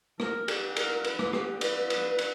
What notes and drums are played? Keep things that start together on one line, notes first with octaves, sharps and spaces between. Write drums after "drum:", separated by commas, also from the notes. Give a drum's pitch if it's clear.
A#4, drum: rim click
G4, drum: cymbal
A#4, drum: cymbal
B4, drum: cymbal
drum: rim click
G4, drum: rim click
B4, drum: cymbal
B4, drum: cymbal
drum: cymbal